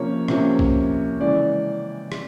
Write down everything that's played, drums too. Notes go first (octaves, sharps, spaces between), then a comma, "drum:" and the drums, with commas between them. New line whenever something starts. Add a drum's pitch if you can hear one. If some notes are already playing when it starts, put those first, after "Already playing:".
Already playing: C3 F3 A#3 C#4 C#5
C3 F3 A#3 C#4, drum: rim click
drum: kick
C#3 E3 G#3 D5
drum: rim click